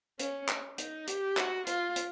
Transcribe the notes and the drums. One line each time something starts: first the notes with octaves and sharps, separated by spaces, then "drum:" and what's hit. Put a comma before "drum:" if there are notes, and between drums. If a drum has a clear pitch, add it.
C#4, drum: hi-hat
drum: clap
D#4, drum: hi-hat
G4, drum: hi-hat
F#4, drum: clap
F4, drum: hi-hat
drum: hi-hat